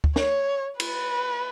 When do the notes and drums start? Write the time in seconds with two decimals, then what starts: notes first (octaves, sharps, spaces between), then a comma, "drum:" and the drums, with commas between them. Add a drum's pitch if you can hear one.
0.04 drum: kick D2
0.16 C#5, drum: snare
0.80 B4, drum: cymbal